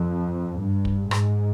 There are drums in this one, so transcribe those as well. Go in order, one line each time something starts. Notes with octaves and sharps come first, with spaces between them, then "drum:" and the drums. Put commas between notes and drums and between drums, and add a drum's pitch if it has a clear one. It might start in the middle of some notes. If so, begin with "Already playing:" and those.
Already playing: F2
G2
drum: kick
G#2, drum: rim click